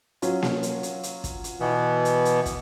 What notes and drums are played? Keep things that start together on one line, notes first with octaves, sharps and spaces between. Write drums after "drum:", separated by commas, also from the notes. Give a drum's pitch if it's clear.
F#3 C#4 F4, drum: hi-hat
drum: snare A#3
drum: hi-hat
drum: hi-hat
drum: hi-hat
drum: kick, hi-hat
drum: hi-hat
B2 E3 B3
drum: hi-hat
drum: hi-hat
drum: kick, hi-hat